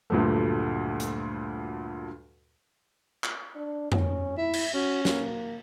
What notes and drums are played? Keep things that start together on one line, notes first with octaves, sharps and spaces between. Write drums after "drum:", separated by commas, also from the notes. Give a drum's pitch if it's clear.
D2 G2 A#2 F#3 A3
drum: hi-hat
drum: clap
D4
C#4, drum: tom F2
E4 E5
drum: cymbal
C#4 F#4
A#3, drum: snare